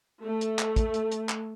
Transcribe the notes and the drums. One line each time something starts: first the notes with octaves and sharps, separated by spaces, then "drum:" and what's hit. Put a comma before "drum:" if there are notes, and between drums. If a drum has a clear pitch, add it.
A3
drum: hi-hat
drum: clap
drum: kick, hi-hat
drum: hi-hat
drum: hi-hat
drum: clap